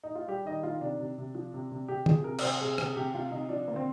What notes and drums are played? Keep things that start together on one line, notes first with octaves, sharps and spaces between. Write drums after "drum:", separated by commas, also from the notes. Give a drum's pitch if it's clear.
D#4
F4
G3 G4
D#3 D#5
D#3 F4
C3 D4
C3
C3
F3
C3
C3
C3 G4
F3 G#4, drum: tom
C3 A#4
D5, drum: cymbal
C3 C5
C3 G#4
C3 G#4, drum: rim click
C3 G4
C3 F4
C3 D#4
F3 D4
D3 A#3
C4